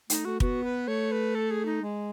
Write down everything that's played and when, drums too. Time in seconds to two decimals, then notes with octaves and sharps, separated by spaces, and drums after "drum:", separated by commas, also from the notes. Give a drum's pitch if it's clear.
0.10 A3 D#4, drum: hi-hat
0.25 A3 F#4
0.40 B3 F#4, drum: kick
0.64 B4
0.88 A3 C#5
1.12 B4
1.35 A4
1.51 G#4
1.66 D#4
1.82 G#3